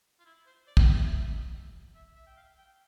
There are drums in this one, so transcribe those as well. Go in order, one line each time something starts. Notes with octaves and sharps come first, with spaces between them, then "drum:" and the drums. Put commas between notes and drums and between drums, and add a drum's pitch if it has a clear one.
F4
E4
C5
D5
drum: kick
E5
E5
E5
G5
F5
G5